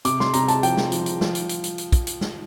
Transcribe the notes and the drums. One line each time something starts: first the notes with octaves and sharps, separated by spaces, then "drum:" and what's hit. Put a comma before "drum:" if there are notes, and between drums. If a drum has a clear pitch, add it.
C3 D6, drum: hi-hat
C6, drum: snare
C3 A#5, drum: hi-hat
A5, drum: hi-hat
F3 G5, drum: hi-hat
drum: snare
F3, drum: hi-hat
drum: hi-hat
F3, drum: snare
drum: hi-hat
drum: hi-hat
drum: hi-hat
drum: hi-hat
drum: kick, hi-hat
drum: hi-hat
drum: snare